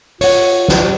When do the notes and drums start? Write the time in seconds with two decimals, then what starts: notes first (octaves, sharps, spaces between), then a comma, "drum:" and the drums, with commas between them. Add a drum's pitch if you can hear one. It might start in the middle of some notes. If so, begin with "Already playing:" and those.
0.21 F4 C#5 F#5, drum: open hi-hat
0.68 drum: snare